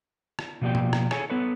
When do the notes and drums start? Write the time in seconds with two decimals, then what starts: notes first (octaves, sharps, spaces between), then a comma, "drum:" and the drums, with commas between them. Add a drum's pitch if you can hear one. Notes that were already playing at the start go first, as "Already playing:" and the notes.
0.39 drum: rim click
0.61 B2 F3 A#3 G4 D5 G5
0.75 drum: tom
0.93 drum: rim click
1.11 G#4 A4 C#5 G#5, drum: rim click
1.30 B3 A4 B4 C#5